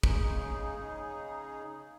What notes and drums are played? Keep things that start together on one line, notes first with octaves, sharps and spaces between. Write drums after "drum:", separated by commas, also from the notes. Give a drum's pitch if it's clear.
C#3 D#4 G#4, drum: kick